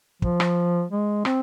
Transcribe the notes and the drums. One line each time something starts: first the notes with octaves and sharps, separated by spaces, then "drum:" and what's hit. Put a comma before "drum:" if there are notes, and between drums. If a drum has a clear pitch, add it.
F3, drum: kick
drum: rim click
G#3
C4, drum: rim click